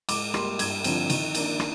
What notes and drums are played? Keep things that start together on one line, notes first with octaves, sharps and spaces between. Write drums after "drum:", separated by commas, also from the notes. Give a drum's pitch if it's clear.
G#2 D6, drum: cymbal
G3 A#3 C6, drum: rim click
G2 G#6, drum: cymbal
D3 F3 C4, drum: cymbal
D#3, drum: cymbal
A#3 D4, drum: cymbal
drum: rim click